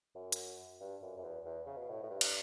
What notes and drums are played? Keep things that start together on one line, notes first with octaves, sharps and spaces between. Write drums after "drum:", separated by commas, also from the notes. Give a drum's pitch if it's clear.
F#2
drum: hi-hat
G2
F#2
F#2
E2
E2
C#3
B2
A2
A2
G2
drum: cymbal